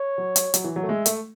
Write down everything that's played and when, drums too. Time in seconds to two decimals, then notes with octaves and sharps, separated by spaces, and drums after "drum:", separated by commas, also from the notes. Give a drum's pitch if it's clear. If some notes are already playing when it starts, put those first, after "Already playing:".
Already playing: C#5
0.18 F#3
0.36 drum: hi-hat
0.54 F#3, drum: hi-hat
0.64 E3
0.76 F#3
0.83 A3
0.88 G#3 E5
1.06 A3, drum: hi-hat